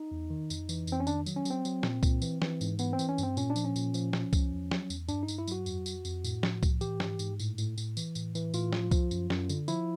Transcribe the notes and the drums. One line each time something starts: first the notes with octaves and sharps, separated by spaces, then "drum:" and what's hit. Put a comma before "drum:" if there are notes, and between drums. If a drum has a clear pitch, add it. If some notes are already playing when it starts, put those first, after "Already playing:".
Already playing: D#4
E2
D#3
F2, drum: tambourine
E3, drum: tambourine
F2 C4, drum: tambourine
C#4
D#3 D4, drum: tambourine
F#3, drum: tambourine
C#4
F#3 C4, drum: tambourine
F#3, drum: tambourine
A#2, drum: snare
A#2, drum: kick C2, tambourine
E3, drum: tambourine
E3, drum: snare
G#2, drum: tambourine
E3 B3, drum: tambourine
C4
E3, drum: tambourine
C#4
G2 C4, drum: tambourine
A#2 C#4, drum: tambourine
D4
F3, drum: tambourine
C#4
A#2, drum: tambourine
F3, drum: tambourine
F3, drum: snare
F3, drum: kick C2, tambourine
E2
F#3, drum: snare
E2, drum: tambourine
G2 D4, drum: tambourine
D#4
G2, drum: tambourine
E4
F#3 F#4, drum: tambourine
F2, drum: tambourine
F2, drum: tambourine
F2, drum: tambourine
A2, drum: tambourine
F3, drum: snare
A2, drum: kick C2, tambourine
E3 G4, drum: tambourine
G#2, drum: snare
G#2, drum: tambourine
A2, drum: tambourine
A2, drum: tambourine
A2, drum: tambourine
E3, drum: tambourine
A2, drum: tambourine
E3, drum: tambourine
A2 F4, drum: tambourine
F3, drum: snare
F3, drum: kick C2, tambourine
F#2, drum: tambourine
F#2, drum: snare
D3, drum: tambourine
F3 E4, drum: tambourine